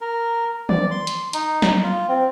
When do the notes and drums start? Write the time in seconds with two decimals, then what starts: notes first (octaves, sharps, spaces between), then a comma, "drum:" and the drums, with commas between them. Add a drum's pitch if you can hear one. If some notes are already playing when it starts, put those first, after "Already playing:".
0.01 A#4
0.69 D5, drum: tom D#3
0.91 C6
1.07 drum: hi-hat
1.33 D#4, drum: hi-hat
1.62 drum: snare
1.83 F4
2.09 C4